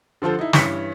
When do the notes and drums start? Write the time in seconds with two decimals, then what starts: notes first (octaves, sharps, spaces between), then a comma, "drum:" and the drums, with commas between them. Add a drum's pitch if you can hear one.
0.22 D3 F3 F4 A4 C5
0.39 D#4 E4
0.53 G2 E3 C#4 B6 C#7, drum: snare